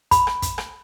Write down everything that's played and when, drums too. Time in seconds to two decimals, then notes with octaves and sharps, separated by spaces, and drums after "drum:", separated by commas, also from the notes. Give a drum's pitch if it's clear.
0.11 B5, drum: kick, hi-hat
0.27 drum: rim click
0.42 drum: kick, hi-hat
0.58 drum: rim click